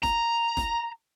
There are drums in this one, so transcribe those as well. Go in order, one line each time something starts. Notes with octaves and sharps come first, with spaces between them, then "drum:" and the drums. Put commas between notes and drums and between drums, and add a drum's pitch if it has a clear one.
A#5, drum: snare
drum: snare